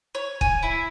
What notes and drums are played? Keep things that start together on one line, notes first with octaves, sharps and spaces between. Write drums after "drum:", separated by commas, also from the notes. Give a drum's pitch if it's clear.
C#5
G#5, drum: kick
E4